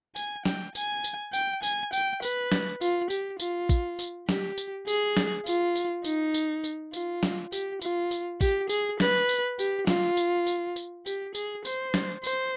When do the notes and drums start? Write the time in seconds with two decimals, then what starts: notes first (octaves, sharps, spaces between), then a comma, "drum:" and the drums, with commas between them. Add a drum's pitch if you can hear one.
0.16 G#5, drum: tambourine
0.45 G5, drum: snare
0.75 G#5, drum: tambourine
1.04 drum: tambourine
1.33 G5, drum: tambourine
1.63 G#5, drum: tambourine
1.93 G5, drum: tambourine
2.22 B4, drum: tambourine
2.52 drum: snare
2.81 F4, drum: tambourine
3.10 G4, drum: tambourine
3.40 F4, drum: tambourine
3.69 drum: kick A1, tambourine
3.99 drum: tambourine
4.29 G4, drum: snare
4.58 drum: tambourine
4.87 G#4, drum: tambourine
5.17 drum: snare
5.46 F4, drum: tambourine
5.75 drum: tambourine
6.04 D#4, drum: tambourine
6.34 drum: tambourine
6.64 drum: tambourine
6.93 F4, drum: tambourine
7.23 drum: snare
7.52 G4, drum: tambourine
7.82 F4, drum: tambourine
8.11 drum: tambourine
8.41 G4, drum: kick A1, tambourine
8.70 G#4, drum: tambourine
9.00 B4, drum: snare
9.29 drum: tambourine
9.59 G4, drum: tambourine
9.87 F4, drum: snare
10.17 drum: tambourine
10.47 drum: tambourine
10.76 drum: tambourine
11.06 G4, drum: tambourine
11.35 G#4, drum: tambourine
11.65 C5, drum: tambourine
11.94 drum: snare
12.24 C5, drum: tambourine